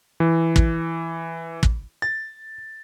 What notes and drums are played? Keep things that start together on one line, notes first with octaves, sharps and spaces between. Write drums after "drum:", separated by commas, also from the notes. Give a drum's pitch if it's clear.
E3
drum: kick
drum: kick
A6